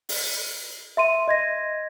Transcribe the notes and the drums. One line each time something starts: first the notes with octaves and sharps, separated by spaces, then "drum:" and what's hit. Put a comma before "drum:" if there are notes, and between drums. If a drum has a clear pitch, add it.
drum: open hi-hat
E5 C6 D#7
D#5 G#6 A#6